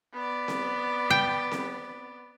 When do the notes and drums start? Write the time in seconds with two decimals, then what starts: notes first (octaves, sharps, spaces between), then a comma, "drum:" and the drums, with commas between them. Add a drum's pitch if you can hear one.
0.13 B3 D5
0.48 drum: snare C4
1.10 G5
1.52 drum: snare C4